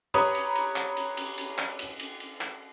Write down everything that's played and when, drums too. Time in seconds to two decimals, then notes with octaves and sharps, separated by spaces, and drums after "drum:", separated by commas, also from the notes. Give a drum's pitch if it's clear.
0.14 G4 B4 C#5 A#5 B5 D#6, drum: cymbal
0.35 drum: cymbal
0.55 drum: cymbal
0.76 drum: clap
0.97 drum: cymbal
1.17 drum: cymbal
1.38 drum: cymbal
1.58 drum: clap
1.79 drum: cymbal
2.00 drum: cymbal
2.20 drum: cymbal
2.41 drum: clap